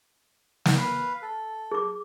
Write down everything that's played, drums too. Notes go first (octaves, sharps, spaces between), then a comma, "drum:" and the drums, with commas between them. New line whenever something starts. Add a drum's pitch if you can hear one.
drum: snare
B4 F5
A4
G#4 D6